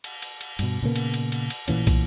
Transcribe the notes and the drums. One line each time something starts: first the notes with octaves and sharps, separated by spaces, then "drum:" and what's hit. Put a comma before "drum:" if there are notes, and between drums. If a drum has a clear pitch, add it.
drum: cymbal
drum: cymbal
drum: cymbal
G2 B2, drum: cymbal
A#2 C#3 A#3 B3
drum: cymbal
drum: cymbal
drum: cymbal
drum: cymbal
A1 A#2 E3 C#4, drum: cymbal
drum: kick, cymbal